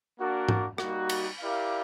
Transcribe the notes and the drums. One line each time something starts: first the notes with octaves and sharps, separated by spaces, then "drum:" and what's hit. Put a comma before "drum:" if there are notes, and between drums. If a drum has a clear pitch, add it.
A#3 D4 F#4 A#4 D5
drum: tom G#2
G3 A#3 D#4 F#4, drum: rim click
drum: cymbal
E4 G4 A#4 D5 F5